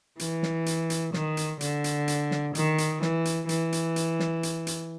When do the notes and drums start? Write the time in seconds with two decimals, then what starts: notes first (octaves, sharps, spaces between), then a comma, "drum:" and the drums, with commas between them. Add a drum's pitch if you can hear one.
0.19 E3, drum: hi-hat
0.43 drum: snare
0.66 drum: hi-hat
0.90 drum: hi-hat
1.13 D#3, drum: snare
1.37 drum: hi-hat
1.61 D3, drum: hi-hat
1.84 drum: hi-hat
2.08 drum: hi-hat
2.31 drum: snare
2.55 D#3, drum: hi-hat
2.78 drum: hi-hat
3.02 E3, drum: snare
3.25 drum: hi-hat
3.49 E3, drum: hi-hat
3.72 drum: hi-hat
3.96 drum: hi-hat
4.20 drum: snare
4.43 drum: hi-hat
4.67 drum: hi-hat